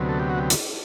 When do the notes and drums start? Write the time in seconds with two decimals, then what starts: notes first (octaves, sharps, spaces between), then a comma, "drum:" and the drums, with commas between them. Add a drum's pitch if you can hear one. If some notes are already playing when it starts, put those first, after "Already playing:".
Already playing: D2 C3 F#3 B3
0.09 A4
0.19 G4
0.29 F#4
0.38 G4
0.50 drum: hi-hat